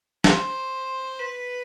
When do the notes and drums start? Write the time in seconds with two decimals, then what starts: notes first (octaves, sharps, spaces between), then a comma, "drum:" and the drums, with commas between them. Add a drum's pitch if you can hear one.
0.24 C5, drum: snare
1.19 B4